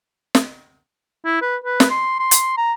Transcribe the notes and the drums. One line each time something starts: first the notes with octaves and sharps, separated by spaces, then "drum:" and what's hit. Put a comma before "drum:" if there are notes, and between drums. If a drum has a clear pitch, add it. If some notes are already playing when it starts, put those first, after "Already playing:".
drum: snare
E4
B4
B4
drum: snare
C6
C6
drum: hi-hat
A#5